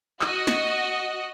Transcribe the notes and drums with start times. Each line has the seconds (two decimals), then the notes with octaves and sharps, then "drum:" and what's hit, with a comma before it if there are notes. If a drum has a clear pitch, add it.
0.21 F#4 D#5, drum: clap
0.47 drum: snare